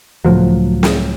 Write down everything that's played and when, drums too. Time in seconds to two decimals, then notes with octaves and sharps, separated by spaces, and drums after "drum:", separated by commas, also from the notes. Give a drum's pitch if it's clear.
0.25 C#2 A2 F3 F#3
0.83 drum: snare